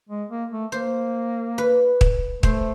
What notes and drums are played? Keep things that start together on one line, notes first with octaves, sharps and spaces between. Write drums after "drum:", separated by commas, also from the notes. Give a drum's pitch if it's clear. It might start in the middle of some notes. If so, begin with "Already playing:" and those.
G#3
A#3
A3
A#3 C5
B4
drum: kick
A3 C5, drum: kick